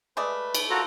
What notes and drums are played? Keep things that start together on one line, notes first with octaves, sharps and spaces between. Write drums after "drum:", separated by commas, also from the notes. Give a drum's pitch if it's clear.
G#3 A3 B4 D5
drum: cymbal
F4 F#4 A4 A#4 C5 A#5